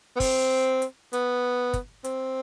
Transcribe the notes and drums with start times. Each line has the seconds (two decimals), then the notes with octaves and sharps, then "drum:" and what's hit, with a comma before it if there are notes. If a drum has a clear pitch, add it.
0.16 B3
0.20 C4, drum: kick, open hi-hat
0.82 drum: hi-hat
1.13 B3, drum: hi-hat
1.74 drum: kick, hi-hat
2.04 C4, drum: hi-hat